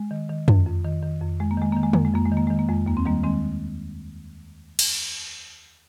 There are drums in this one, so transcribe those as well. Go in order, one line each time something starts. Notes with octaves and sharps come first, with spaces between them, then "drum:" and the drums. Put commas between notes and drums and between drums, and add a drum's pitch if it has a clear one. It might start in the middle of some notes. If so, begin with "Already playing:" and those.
Already playing: G#3
D#3
D#3
F2, drum: tom F#2
F2
D#3
D#3
F2
F2 G#3
A#3
D#3 G#3
D#3 A#3
G#3
F2 A#3, drum: tom D3
G#3
F2 A#3
G#3
D#3
A#3
D#3 G#3
A#3
F2 G#3
D#2 A#3
C4
D#3 G3 A#3
D#3 G#3 C4
drum: cymbal